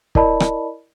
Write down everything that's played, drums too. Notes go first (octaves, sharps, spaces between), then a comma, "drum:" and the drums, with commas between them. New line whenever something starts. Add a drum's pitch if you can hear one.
E4 A#4 D5 D#5 A5 B5, drum: kick
drum: rim click